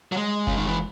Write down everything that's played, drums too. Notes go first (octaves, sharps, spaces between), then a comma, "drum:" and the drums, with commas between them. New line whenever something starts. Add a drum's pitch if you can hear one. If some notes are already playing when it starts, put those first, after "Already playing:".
F#3
G#3
C#3, drum: kick F#1
D#3
E3